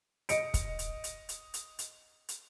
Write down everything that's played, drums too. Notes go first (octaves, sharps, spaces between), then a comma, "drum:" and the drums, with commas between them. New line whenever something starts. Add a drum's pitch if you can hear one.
D#5 C#7 D7, drum: hi-hat
drum: kick, hi-hat
drum: hi-hat
drum: hi-hat
drum: hi-hat
drum: hi-hat
drum: hi-hat
drum: hi-hat